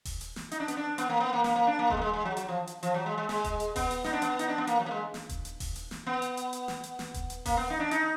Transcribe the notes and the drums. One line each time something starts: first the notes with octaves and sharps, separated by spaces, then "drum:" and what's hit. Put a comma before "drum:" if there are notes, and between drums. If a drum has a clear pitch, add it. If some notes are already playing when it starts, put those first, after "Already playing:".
drum: kick D#1, open hi-hat
drum: hi-hat
drum: snare
D#4, drum: hi-hat
D4
B3, drum: hi-hat
D4
B3, drum: hi-hat
A#3
B3
A#3
A#3, drum: snare
A#3
D4
A#3
G#3, drum: kick D#1
A#3
G#3
G#3
F#3
F#3, drum: hi-hat
F3
drum: hi-hat
F3, drum: hi-hat
F#3
G#3
G#3
G#3, drum: snare
drum: kick D#1, hi-hat
drum: hi-hat
B3, drum: kick D#1, open hi-hat
drum: hi-hat
D#4, drum: snare
D4
B3, drum: hi-hat
D#4, drum: hi-hat
D4
B3
A#3, drum: hi-hat
F#3
A#3
G#3
drum: snare
drum: kick D#1, hi-hat
drum: hi-hat
drum: kick D#1, open hi-hat
drum: hi-hat
drum: snare
B3
drum: hi-hat
drum: hi-hat
drum: hi-hat
drum: snare
drum: hi-hat
drum: snare
drum: kick D#1, hi-hat
drum: hi-hat
A#3, drum: kick D#1, open hi-hat
B3
D#4
D4
D#4, drum: hi-hat